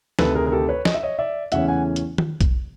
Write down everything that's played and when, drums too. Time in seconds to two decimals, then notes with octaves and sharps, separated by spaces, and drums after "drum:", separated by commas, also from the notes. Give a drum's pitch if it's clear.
0.19 D2 C3 D#3 A4 B4, drum: snare
0.35 G#4 A#4
0.47 A#4
0.52 G4 A4
0.69 B4 C#5
0.85 D#5, drum: snare
0.94 E5
1.03 C#5 D#5
1.19 D5 E5
1.52 E2 C#3 E3 A3 C#4 E5 F#5, drum: hi-hat
1.68 F#5 G#5
1.96 drum: hi-hat
2.18 drum: tom D#3
2.41 drum: kick B1, hi-hat